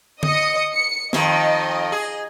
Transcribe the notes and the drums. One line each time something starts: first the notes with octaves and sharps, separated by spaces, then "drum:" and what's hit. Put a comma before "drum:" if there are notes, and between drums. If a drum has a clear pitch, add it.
D#5 D#6 C#7, drum: tom D3
C#7
F2 D#3 D#5, drum: snare
G#4